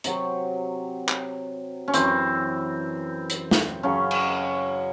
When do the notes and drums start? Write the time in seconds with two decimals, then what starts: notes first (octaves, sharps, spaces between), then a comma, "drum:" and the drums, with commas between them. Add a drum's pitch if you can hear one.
0.04 C3 F#3, drum: hi-hat
1.09 drum: clap
1.88 C#4
1.94 F#2 E3 C4, drum: hi-hat
3.30 drum: hi-hat
3.51 drum: snare
3.83 F#2 C#3 F#3 C#4
4.11 drum: cymbal